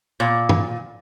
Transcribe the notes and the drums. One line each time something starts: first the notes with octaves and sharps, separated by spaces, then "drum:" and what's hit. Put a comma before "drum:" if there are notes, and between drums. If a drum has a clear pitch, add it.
A#2
drum: tom